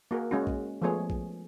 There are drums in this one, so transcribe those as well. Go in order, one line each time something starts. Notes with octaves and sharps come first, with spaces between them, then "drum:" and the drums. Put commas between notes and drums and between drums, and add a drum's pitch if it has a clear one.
A#3 F#4 G#4 A#4
G#3 C#4 F#4
drum: kick
F3 G#3 A3 B3 G#4 C#5
drum: kick